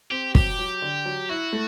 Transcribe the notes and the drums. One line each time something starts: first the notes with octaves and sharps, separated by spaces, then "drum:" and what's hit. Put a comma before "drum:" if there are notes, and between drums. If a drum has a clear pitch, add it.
C4 G4
F#3 G4, drum: kick
F#3
D3
F#3
E4 F#4
A3